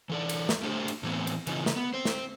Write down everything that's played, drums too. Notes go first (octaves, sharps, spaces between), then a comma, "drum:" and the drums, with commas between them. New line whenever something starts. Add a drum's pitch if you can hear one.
E3 A4 D5
drum: cymbal
drum: snare
A3 D4 F#4 G4 A4 C5
drum: cymbal
A2 E3 A3 B3 C4
drum: cymbal
C#3 E3 C4 D#4 F4, drum: cymbal
drum: snare
B3
C4 C5
drum: snare